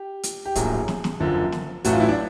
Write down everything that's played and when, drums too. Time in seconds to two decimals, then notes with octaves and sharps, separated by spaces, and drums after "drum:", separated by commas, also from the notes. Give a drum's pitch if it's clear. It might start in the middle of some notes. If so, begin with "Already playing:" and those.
Already playing: G4
0.23 drum: hi-hat
0.45 G4
0.55 A#1 A2 F#3 A#3 G#4, drum: kick, hi-hat
0.88 drum: snare
1.04 drum: snare
1.20 F#1 F#2 D3 F3
1.52 drum: snare
1.84 A1 A2 F#3 A3 F#4, drum: hi-hat
1.93 F4
2.00 E4
2.09 D4